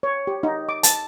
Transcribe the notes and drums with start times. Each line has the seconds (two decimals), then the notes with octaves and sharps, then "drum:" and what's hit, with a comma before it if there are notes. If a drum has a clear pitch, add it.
0.03 C#5
0.27 G4
0.43 D#4
0.69 D6
0.83 A5, drum: hi-hat